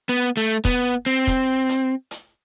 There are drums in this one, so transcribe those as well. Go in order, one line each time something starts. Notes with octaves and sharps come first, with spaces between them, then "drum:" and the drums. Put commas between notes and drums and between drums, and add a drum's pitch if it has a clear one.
B3
A3
B3, drum: kick, hi-hat
C4
drum: kick, hi-hat
drum: hi-hat
drum: hi-hat